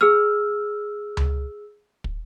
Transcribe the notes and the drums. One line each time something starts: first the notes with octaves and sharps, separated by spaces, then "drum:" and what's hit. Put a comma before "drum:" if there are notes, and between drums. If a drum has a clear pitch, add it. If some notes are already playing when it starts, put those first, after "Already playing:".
G#4 E6 F6
drum: tom C#2
drum: kick